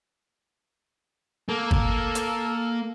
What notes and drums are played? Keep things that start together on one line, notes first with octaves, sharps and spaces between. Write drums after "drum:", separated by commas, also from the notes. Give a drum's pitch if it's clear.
A#3 A4
drum: kick
drum: hi-hat